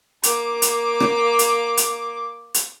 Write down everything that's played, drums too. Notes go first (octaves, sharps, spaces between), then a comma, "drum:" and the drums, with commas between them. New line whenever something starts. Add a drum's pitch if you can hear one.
A#3 D6, drum: hi-hat
drum: hi-hat
drum: rim click
drum: hi-hat
drum: hi-hat
drum: hi-hat